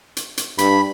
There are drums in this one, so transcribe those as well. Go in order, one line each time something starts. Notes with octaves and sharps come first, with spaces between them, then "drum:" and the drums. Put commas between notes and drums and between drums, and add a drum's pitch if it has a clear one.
drum: hi-hat
drum: hi-hat
G2 B5, drum: hi-hat